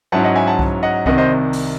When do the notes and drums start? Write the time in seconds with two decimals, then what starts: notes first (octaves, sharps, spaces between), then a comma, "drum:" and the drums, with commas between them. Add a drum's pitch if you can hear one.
0.12 G#2 F#3 C#4 E4 F#5 A5
0.24 D#5 F#5
0.36 E5 G#5
0.47 F#5 A5
0.59 drum: kick C2
0.83 D#5 F#5
1.06 C2 C3 D#3 D#5 F#5, drum: kick C2
1.18 C5 D#5
1.53 drum: open hi-hat